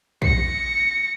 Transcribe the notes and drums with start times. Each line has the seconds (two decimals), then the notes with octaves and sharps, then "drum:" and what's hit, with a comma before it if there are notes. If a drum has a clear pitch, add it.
0.22 A#6 C#7, drum: kick